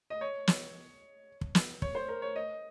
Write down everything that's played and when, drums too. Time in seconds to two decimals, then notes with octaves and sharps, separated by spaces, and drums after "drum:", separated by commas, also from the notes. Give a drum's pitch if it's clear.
0.10 D#5
0.21 C#5
0.47 drum: snare
1.41 drum: kick
1.55 drum: snare
1.82 C#5, drum: kick
1.95 C5
2.08 A#4
2.22 C#5
2.36 D#5